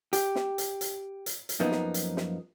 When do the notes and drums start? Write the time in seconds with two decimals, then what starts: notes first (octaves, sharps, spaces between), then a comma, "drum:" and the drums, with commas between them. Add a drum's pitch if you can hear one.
0.13 G4, drum: hi-hat
0.35 drum: snare
0.58 drum: hi-hat
0.81 drum: hi-hat
1.26 drum: hi-hat
1.49 drum: hi-hat
1.60 F#2 F3 A#3 B3 D#4
1.72 drum: snare
1.94 drum: hi-hat
2.17 drum: snare